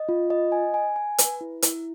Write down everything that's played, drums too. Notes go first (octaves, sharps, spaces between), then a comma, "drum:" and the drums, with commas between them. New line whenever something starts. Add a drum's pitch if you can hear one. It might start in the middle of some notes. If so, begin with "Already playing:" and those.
Already playing: D#5
F4
D#5
G#5
G#5
G#5
B4, drum: hi-hat
E4
E4, drum: hi-hat